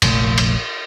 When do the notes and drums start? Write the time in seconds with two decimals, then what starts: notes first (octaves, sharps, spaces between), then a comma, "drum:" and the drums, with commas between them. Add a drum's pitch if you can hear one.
0.02 F1 A#1 F3 A3, drum: cymbal
0.38 drum: cymbal